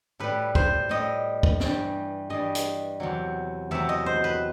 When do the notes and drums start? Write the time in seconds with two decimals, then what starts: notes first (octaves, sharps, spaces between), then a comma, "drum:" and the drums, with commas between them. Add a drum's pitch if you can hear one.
0.20 A2 G3 B4
0.55 C5, drum: kick
0.89 A2 G3 D#5
1.43 drum: kick
1.60 G2 E3 G3, drum: snare
2.30 G2 E3 G3 D#5
2.55 drum: hi-hat
3.00 E2 C3 F#3
3.71 E2 C3 F#3 E5
3.89 D#5
4.06 C5
4.24 B4